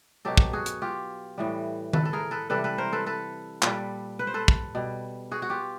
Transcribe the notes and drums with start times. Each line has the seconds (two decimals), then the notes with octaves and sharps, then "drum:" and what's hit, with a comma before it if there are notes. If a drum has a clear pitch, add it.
0.25 B2 F#3 G4 A4
0.37 drum: kick
0.53 F#4 G#4
0.66 drum: hi-hat
0.82 F4 G4
1.38 A2 E3 G3
1.93 A4 B4, drum: tom D#3
2.05 A4
2.13 G#4 A#4
2.31 A4 B4
2.50 C3 E3 G3 A4 B4
2.64 A4 B4
2.78 A#4 C5
2.93 A4 B4
3.06 A4 B4
3.62 A#2 G3 A4 B4, drum: clap
4.19 B4
4.27 C5
4.34 A4 B4
4.48 drum: kick
4.75 B2 G3
5.31 F#4 G#4
5.42 F#4
5.50 F4 G4